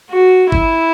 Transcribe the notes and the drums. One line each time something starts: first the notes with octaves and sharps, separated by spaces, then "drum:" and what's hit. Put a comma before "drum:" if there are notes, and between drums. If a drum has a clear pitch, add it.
F#4
E4, drum: kick G1